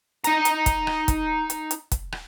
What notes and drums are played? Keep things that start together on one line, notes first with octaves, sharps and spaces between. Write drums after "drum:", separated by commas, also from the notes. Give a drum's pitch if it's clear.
D#4 A#5, drum: hi-hat
drum: hi-hat
drum: kick, hi-hat
drum: rim click
drum: kick, hi-hat
drum: hi-hat
drum: hi-hat
drum: kick, hi-hat
drum: rim click